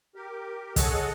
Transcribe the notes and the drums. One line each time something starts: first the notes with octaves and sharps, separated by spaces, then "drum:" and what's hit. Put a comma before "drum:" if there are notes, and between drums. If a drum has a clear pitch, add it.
G4 A#4
G#4 A4 C#5 D#5 F#5, drum: kick, hi-hat